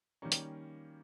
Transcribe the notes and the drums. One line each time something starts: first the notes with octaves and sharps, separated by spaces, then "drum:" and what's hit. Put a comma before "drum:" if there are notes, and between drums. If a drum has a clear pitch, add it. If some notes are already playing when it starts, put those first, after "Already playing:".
D#3 G3 A#3 C#4
drum: hi-hat